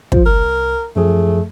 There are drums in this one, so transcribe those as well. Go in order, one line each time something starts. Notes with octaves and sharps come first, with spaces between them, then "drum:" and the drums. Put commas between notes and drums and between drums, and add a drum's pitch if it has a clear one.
F3 F4 C5, drum: kick
C2 A#4
F#2 F3 A3 G#4